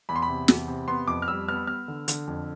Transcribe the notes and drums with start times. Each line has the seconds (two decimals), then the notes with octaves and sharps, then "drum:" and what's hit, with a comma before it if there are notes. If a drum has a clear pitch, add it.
0.09 E2 B5
0.16 C6
0.22 B5
0.28 C3
0.48 E2, drum: snare
0.68 C3
0.88 B3 C6
1.08 F2 D6
1.22 F6
1.28 G3 E6
1.48 B3 F6
1.67 B3 F6
1.88 D3
2.08 D3, drum: hi-hat
2.27 F2